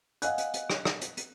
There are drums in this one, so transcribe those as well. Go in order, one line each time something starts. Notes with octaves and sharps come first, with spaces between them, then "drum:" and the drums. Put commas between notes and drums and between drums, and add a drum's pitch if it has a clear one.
D#5 F5 F#5 G#5 F#6, drum: hi-hat
drum: hi-hat
drum: hi-hat
drum: rim click
drum: rim click
drum: hi-hat
drum: hi-hat